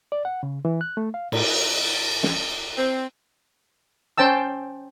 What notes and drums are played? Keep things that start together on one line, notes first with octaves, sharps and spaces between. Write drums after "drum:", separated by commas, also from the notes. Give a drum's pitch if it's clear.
D5
F#5
C#3
E3
F#6
A3
F5
A2, drum: cymbal
drum: snare
C4
C#4 C5 G5 A5 E6